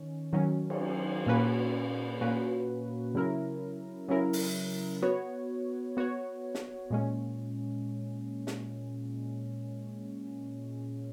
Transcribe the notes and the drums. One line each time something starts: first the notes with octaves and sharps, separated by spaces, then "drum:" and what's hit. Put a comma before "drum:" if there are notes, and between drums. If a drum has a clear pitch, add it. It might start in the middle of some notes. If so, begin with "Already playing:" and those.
Already playing: D#3 C#4
D#3 F#3 C#4
drum: cymbal
A#2 A#3 C#4 F#4 B4
A#2 A#3 C#4 F#4 B4
C#3 F#3 C#4 E4 A#4
C#3 F#3 C#4 E4 A#4
drum: open hi-hat
B3 F#4 C#5
B3 F#4 C#5
drum: snare
A#2 G#3 C#4
drum: snare